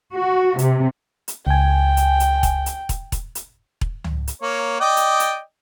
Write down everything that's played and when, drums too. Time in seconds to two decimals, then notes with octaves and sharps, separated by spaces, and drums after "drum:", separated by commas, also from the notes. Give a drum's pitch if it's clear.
0.14 F#4
0.59 C3, drum: hi-hat
1.28 drum: hi-hat
1.47 C#2 G5 G#5
1.97 drum: hi-hat
2.20 drum: hi-hat
2.43 drum: kick E1, hi-hat
2.66 drum: hi-hat
2.89 drum: kick E1, hi-hat
3.12 drum: kick E1, hi-hat
3.35 drum: hi-hat
3.81 drum: kick E1
4.04 drum: tom C#2
4.27 drum: hi-hat
4.42 A#3 C#5
4.80 D5 D#5 G5
4.97 drum: hi-hat
5.20 drum: hi-hat